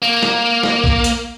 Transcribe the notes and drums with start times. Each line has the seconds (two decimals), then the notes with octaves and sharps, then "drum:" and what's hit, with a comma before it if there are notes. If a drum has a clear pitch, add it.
0.02 A#3
0.23 drum: snare
0.63 drum: snare
0.84 drum: kick A#1
1.04 drum: hi-hat